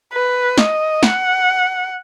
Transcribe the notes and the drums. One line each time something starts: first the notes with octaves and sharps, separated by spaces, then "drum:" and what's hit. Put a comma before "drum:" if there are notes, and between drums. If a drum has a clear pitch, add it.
B4
D#5, drum: snare
F#5, drum: snare